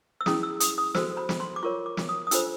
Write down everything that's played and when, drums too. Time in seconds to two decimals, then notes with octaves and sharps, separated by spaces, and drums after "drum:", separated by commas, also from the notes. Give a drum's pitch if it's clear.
0.21 E6
0.26 C#4 E4 G#4 D#6, drum: snare
0.43 E6
0.60 D#6, drum: hi-hat
0.78 D#6
0.95 F#4 A4 C5 E6, drum: snare
1.17 B5
1.29 drum: snare
1.40 C6
1.56 D6
1.63 F4 A#4 C#5 C#6
1.86 D6
1.97 drum: snare
2.09 D#6
2.27 D#6
2.31 D4 F4 A4 C5 E6, drum: hi-hat